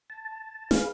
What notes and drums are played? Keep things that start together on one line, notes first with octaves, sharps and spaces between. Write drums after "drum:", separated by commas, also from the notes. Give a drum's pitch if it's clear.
A5
G#4 B4 F5, drum: snare